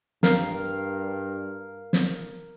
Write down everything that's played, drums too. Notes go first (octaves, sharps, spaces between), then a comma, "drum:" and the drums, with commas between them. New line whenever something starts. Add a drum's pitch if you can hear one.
G2 A#4 F5, drum: snare
drum: snare